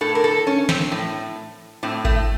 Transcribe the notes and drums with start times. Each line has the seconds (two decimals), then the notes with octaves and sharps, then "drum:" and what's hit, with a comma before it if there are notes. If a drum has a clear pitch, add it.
0.01 A2 A4
0.15 A#4
0.24 A4
0.47 C#4
0.69 C4, drum: snare
0.92 A2
1.83 A2 C4
2.05 A3, drum: kick G#1